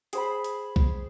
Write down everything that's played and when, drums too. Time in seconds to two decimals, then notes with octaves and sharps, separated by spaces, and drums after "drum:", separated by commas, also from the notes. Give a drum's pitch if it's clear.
0.13 G#4 C5 B5, drum: hi-hat
0.44 drum: hi-hat
0.76 drum: kick B1